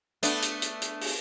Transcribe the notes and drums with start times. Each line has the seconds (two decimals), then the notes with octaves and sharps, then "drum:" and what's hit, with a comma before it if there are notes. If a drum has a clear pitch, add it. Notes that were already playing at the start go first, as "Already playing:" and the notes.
0.23 A3 B3 D4, drum: hi-hat
0.42 drum: hi-hat
0.62 drum: hi-hat
0.82 drum: hi-hat
1.01 drum: open hi-hat